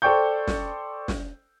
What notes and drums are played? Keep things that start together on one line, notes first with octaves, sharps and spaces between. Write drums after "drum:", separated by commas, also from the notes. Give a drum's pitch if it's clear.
A4 C5 D5 G5 C#6 G6
drum: snare
drum: snare